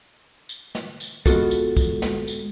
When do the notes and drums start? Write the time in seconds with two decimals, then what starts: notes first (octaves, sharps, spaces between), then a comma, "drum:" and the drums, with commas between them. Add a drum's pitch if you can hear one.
0.49 drum: tambourine
0.75 drum: snare
1.00 drum: tambourine
1.26 G#3 B3 F4 F#4 A4, drum: kick, tambourine
1.51 drum: tambourine
1.77 drum: kick, tambourine
2.02 drum: snare
2.28 drum: tambourine